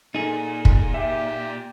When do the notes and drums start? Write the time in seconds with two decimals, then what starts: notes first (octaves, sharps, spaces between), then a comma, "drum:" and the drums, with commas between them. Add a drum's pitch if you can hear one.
0.15 A#2 D#4 G#4 A4
0.65 drum: kick
0.94 G4 E5